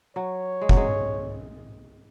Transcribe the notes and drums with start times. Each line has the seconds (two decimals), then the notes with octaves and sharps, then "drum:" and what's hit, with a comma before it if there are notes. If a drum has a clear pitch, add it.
0.16 F#3 C#5
0.61 G#3
0.69 F#3, drum: kick
0.77 G#3